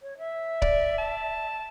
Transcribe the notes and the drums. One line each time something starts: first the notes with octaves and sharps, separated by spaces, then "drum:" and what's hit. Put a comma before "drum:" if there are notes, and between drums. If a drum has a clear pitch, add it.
C#5
E5
D5, drum: kick C#1
A5